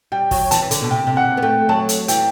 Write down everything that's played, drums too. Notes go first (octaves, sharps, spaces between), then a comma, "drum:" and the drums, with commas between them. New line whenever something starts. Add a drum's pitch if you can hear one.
G3 G5
F#3, drum: kick, open hi-hat
E3 A5, drum: hi-hat
E3
D3, drum: hi-hat
B2
C3 G5
C3
D3 F#5
B3
A3 G5
F#3 A5
drum: hi-hat
E3 G5, drum: hi-hat